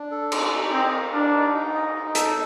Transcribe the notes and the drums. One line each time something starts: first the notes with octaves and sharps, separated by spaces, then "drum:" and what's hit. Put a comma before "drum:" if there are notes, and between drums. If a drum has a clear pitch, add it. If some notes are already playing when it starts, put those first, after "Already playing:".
Already playing: D4
A4
D#4, drum: cymbal
D#4
C4 D#5
A#4
D4 A#4
D#4
D#4
D#5
D#4
A4, drum: hi-hat